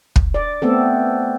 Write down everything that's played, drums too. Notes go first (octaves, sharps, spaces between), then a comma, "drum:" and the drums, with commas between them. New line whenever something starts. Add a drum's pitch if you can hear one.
drum: kick
D5
A3 B3 C4 A4